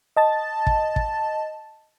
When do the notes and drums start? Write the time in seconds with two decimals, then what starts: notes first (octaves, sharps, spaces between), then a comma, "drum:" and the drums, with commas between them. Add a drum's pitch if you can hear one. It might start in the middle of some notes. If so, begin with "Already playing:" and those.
0.17 D#5 A5 A6
0.67 drum: kick
0.96 drum: kick